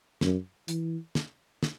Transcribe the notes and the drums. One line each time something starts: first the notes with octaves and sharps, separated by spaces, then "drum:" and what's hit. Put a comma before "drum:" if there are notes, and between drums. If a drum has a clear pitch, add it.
F#2, drum: snare
E3, drum: hi-hat
drum: snare
drum: snare